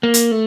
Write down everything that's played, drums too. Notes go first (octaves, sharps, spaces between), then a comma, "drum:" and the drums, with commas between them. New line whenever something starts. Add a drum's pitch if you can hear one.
A#3
drum: hi-hat
A3